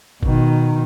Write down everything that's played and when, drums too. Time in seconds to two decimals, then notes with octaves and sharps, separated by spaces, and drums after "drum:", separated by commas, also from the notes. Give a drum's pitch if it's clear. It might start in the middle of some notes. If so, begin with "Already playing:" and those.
0.23 B2 D#3, drum: kick G#1